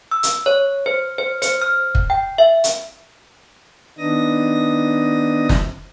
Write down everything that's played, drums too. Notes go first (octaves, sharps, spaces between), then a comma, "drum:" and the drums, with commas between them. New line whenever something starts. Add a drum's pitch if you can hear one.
E6
drum: hi-hat
C#5
C5
C5
C5, drum: hi-hat
F6
drum: kick
G5
E5
drum: hi-hat
D#3 B3 D4 D#4 D#6 A#6
drum: snare